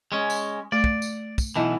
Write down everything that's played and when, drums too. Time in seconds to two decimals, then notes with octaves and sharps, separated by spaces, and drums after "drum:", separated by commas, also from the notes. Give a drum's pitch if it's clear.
0.12 G#3 C#4
0.30 drum: tambourine
0.72 A3 D5
0.84 drum: kick
1.02 drum: tambourine
1.38 drum: kick, tambourine
1.56 B1 B2 E3 E4 D#5 A5